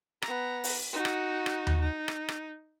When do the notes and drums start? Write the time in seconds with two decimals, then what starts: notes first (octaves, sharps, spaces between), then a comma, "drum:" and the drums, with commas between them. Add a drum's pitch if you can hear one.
0.22 B3 A#5, drum: rim click
0.64 drum: open hi-hat
0.92 D#4 F#4
1.05 drum: rim click
1.46 drum: rim click
1.67 drum: tom D#2
1.81 D#4
2.08 drum: rim click
2.29 drum: rim click